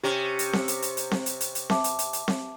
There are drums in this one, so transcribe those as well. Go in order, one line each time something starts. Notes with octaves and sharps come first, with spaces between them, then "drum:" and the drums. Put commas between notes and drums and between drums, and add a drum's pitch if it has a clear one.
C3 C#4 G4
drum: hi-hat
drum: snare C4
drum: hi-hat
drum: hi-hat
drum: hi-hat
drum: snare C4
drum: hi-hat
drum: hi-hat
drum: hi-hat
E5 A5 D6, drum: snare C4
drum: hi-hat
drum: hi-hat
drum: hi-hat
drum: snare C4